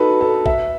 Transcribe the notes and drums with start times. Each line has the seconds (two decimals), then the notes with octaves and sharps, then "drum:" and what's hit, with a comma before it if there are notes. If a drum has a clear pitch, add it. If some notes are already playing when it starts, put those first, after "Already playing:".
Already playing: D#4 F#4 A4 B4
0.21 A4
0.46 E5, drum: kick A#1